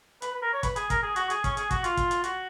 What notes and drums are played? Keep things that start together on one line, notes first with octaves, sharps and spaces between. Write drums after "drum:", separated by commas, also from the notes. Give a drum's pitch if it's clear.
B4, drum: hi-hat
B4
A#4
C#5
B4, drum: kick, hi-hat
G#4, drum: hi-hat
A#4, drum: kick, hi-hat
G#4
F#4, drum: hi-hat
G#4, drum: hi-hat
C#4, drum: kick, hi-hat
G#4, drum: hi-hat
F#4, drum: kick, hi-hat
F4, drum: hi-hat
drum: kick, hi-hat
drum: hi-hat
F#4, drum: hi-hat